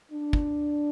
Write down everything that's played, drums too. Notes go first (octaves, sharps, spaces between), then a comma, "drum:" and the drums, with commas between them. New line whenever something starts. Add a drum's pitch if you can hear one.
D4
drum: kick